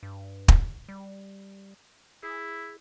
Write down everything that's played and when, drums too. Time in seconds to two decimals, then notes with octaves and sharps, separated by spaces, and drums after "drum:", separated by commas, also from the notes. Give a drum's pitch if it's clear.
0.03 G2
0.48 drum: kick
0.89 G3
2.23 E4 G#4